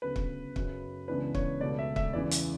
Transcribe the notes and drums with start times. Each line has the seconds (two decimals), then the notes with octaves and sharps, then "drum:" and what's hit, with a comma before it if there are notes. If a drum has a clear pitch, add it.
0.02 D2 C#3 F#3 B3 B4
0.16 drum: kick
0.56 F#2 C#3 F#3, drum: kick
1.08 C#2 C#3 E3 B3 D4 B4
1.35 C#5, drum: kick
1.61 C#2 B2 A3 D5
1.79 E5
1.96 E5, drum: kick
2.13 E2 C#3 E3 D5
2.31 drum: hi-hat